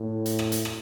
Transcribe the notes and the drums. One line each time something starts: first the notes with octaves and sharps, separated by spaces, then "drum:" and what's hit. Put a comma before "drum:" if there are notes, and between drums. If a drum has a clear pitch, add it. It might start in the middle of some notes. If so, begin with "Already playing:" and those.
Already playing: A2
drum: hi-hat
drum: rim click
drum: hi-hat
drum: rim click